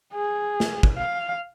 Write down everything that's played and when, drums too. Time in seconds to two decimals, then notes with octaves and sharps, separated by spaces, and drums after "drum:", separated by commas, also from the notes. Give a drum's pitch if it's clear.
0.14 G#4
0.60 drum: snare
0.83 drum: kick
0.98 F5